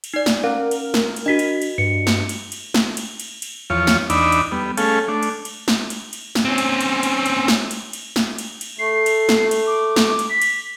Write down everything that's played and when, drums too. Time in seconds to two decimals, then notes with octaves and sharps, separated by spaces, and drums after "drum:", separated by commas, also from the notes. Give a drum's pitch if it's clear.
0.04 drum: cymbal
0.14 D#4 D5
0.26 drum: snare
0.44 C#4 A#4 F5
0.71 drum: cymbal
0.94 drum: snare
1.16 drum: cymbal
1.26 D4 F#4 D#5 B6
1.39 drum: cymbal
1.62 drum: cymbal
1.78 G2 C#7
2.07 drum: snare
2.29 drum: cymbal
2.52 drum: cymbal
2.74 drum: snare
2.97 drum: cymbal
3.20 drum: cymbal
3.42 drum: cymbal
3.70 E2 F3 F4 C#5
3.87 drum: snare
4.10 E2 D4 D#4 D5 B5 E6, drum: cymbal
4.32 drum: cymbal
4.52 G3 B3
4.77 A3 C#4 G#4 A4 F5, drum: cymbal
5.08 A3 D4
5.23 drum: cymbal
5.45 drum: cymbal
5.68 drum: snare
5.90 drum: cymbal
6.13 drum: cymbal
6.35 drum: snare
6.45 C4 C#4
6.58 drum: cymbal
6.81 drum: cymbal
7.03 drum: cymbal
7.26 drum: cymbal
7.48 drum: snare
7.71 drum: cymbal
7.93 drum: cymbal
8.16 drum: snare
8.38 drum: cymbal
8.61 drum: cymbal
8.79 A3 C7
9.06 drum: cymbal
9.29 drum: snare
9.51 drum: cymbal
9.67 D6
9.96 drum: snare
10.19 drum: cymbal
10.29 B6
10.42 drum: cymbal